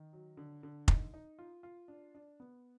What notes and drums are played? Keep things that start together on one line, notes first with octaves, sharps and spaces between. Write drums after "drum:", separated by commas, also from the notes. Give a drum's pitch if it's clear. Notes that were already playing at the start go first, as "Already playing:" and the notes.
Already playing: D#3
F#3
D3
D3
D#4, drum: kick
D#4
F4
F4
D4
D4
B3